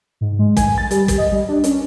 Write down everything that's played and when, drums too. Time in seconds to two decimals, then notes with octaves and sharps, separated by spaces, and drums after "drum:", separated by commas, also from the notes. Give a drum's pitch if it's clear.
0.21 G#2
0.39 G#3
0.57 G#5, drum: kick, hi-hat
0.78 A6
0.91 G3, drum: hi-hat
1.08 drum: kick, hi-hat
1.18 D#5
1.32 G3
1.49 D4
1.64 C#4, drum: hi-hat